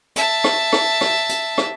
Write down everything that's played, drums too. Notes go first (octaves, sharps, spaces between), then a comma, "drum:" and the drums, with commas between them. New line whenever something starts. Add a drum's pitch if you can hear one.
E5 A5, drum: hi-hat
drum: rim click
drum: rim click
drum: rim click
drum: hi-hat
drum: rim click